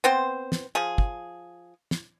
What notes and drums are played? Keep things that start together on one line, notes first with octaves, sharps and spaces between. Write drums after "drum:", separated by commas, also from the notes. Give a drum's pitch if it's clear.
B3 C4 C5
drum: snare
F3 G#4
drum: kick
drum: snare